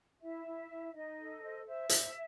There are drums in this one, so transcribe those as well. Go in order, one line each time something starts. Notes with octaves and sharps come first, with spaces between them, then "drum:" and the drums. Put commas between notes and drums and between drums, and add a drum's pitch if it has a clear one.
E4 E5
E4
E4
D#4 D#5
A4
C5
C5 E5
C5, drum: hi-hat